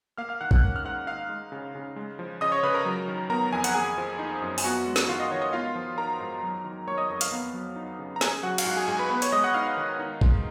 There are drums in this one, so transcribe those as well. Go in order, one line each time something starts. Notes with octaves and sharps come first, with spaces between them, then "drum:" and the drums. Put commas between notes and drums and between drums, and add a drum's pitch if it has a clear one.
A#3 F5 F6
F5 F6
D#3 F#5 F#6
F#5 F#6, drum: kick A1
C#4
F6
G#2 F#5 F#6
D#4 F5 F6
G#3
C#3
C#3
G#3
F3
C#3 D#5 D#6
C#5 C#6
C#3 B4 B5
A#4 A#5
F#3
D#3
B3 A#4 A#5
F2 G#5
F#5, drum: hi-hat
A#3 G#4 G#5
F3
D#4
F#2
G#5, drum: open hi-hat
B3 F#4 F#5
G#3
drum: snare
D#3 F4 F5
D#5
D#3 C#5
D#5
B3 F4 F5
F3
D#4 A#4 A#5
G#2
F#3
D#3
A#3 C#5 C#6
D#5 D#6
F2
F5 F6, drum: hi-hat
B3
F#3
D#4
C#3
A#5
C#4 G#4 G#5, drum: snare
F#3 F#4 F#5
F5, drum: cymbal
G#2 F#4 F#5
G#4 G#5
G#2 G#4 G#5
B4 B5
B3 B4 B5
C#5 C#6, drum: hi-hat
G#3 D#5 D#6
F#5 F#6
D#4 F5 F6
D#3
D#4
G#3, drum: kick A1